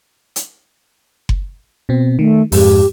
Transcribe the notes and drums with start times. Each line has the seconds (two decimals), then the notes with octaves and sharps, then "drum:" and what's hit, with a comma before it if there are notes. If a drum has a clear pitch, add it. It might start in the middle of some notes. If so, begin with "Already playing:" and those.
0.36 drum: hi-hat
1.29 drum: kick F#1
1.89 B2 C4
2.19 D#3 A3
2.52 F2 G#2 G#3 G4, drum: open hi-hat